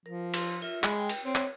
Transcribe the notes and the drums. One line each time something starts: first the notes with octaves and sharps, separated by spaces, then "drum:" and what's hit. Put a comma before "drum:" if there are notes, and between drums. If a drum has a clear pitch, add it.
F3 A#4
C6, drum: cymbal
F4 A#4 E5
G#3 B5, drum: clap
G5
drum: cymbal
C4 C#5
drum: clap